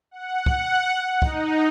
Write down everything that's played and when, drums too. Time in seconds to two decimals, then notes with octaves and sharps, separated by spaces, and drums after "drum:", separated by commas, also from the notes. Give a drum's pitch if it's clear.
0.11 F#5
0.46 drum: kick
1.22 D#4, drum: kick